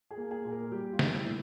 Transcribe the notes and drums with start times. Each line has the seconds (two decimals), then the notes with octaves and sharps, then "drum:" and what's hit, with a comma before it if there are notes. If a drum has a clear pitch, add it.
0.11 G#4
0.17 A#3
0.31 G#4
0.45 A#2
0.52 A#4
0.72 G3 G4
0.92 F4
0.99 G3, drum: snare
1.12 E4
1.26 A#2